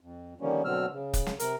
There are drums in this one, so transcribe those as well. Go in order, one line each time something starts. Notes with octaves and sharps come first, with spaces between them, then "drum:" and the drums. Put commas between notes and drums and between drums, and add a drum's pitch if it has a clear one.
F2
D3 D#3 F3 G3 A#3 C#4
B2 D3 F#3 C4 E6 F6
C#3
drum: kick, hi-hat
drum: snare
C3 A#4, drum: hi-hat